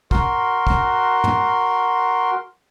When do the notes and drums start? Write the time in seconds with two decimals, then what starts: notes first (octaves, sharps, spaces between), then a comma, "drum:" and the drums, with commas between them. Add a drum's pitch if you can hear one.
0.11 F#4 A#4 C6, drum: kick
0.67 drum: kick
1.24 drum: tom